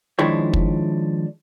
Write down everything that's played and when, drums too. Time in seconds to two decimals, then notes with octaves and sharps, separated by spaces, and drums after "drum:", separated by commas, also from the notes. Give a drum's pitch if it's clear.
0.19 D#3 F3 G#3 D4 E4 C#5
0.54 drum: kick